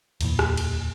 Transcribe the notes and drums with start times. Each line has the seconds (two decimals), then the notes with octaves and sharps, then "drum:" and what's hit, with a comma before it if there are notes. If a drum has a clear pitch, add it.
0.21 D1 E2 A#2 E3, drum: cymbal
0.39 drum: rim click
0.57 drum: cymbal